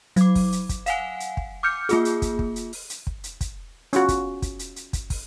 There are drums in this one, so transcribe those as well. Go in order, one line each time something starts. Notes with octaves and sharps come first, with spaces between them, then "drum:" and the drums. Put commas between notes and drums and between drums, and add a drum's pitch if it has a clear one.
F#3 D6, drum: hi-hat
drum: kick, open hi-hat
drum: hi-hat
drum: kick, hi-hat
F5 F#5 G#5, drum: hi-hat
drum: hi-hat
drum: kick
D6 F6 G6 C#7
A#3 F4 G#4, drum: hi-hat
drum: hi-hat
drum: kick, hi-hat
drum: kick
drum: hi-hat
drum: open hi-hat
drum: hi-hat
drum: kick
drum: hi-hat
drum: kick, hi-hat
C#4 F4 F#4, drum: hi-hat
drum: kick, hi-hat
drum: kick, hi-hat
drum: hi-hat
drum: hi-hat
drum: kick, hi-hat
drum: kick, open hi-hat